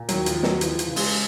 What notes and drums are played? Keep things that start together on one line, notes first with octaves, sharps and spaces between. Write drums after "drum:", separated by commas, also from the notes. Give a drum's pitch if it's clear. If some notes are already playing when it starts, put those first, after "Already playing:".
Already playing: A#2
D#2 F#3, drum: hi-hat
F3, drum: hi-hat
D#2
F#3, drum: snare
E3 F3, drum: hi-hat
drum: hi-hat
C#3
G#3, drum: open hi-hat